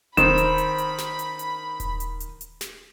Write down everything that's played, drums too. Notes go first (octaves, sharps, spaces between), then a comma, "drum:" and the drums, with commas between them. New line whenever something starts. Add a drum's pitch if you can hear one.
D#3 C4 B5 E7, drum: kick D#1, hi-hat
drum: hi-hat
drum: hi-hat
drum: hi-hat
drum: snare
drum: hi-hat
drum: hi-hat
drum: kick D#1, hi-hat
drum: hi-hat
drum: hi-hat
drum: hi-hat
drum: snare